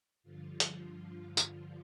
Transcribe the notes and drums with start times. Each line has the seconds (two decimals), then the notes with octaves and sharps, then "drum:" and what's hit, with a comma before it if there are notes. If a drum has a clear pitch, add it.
0.23 G2 D3 F3 F4
0.60 drum: hi-hat
1.37 F4, drum: tambourine